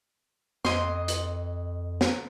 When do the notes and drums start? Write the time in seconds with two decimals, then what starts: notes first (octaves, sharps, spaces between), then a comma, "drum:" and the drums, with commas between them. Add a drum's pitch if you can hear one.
0.65 F2 D#5 C6, drum: snare
1.08 drum: hi-hat
2.01 drum: snare